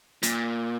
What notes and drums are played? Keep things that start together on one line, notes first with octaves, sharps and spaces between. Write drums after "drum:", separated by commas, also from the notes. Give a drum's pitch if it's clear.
A#2, drum: hi-hat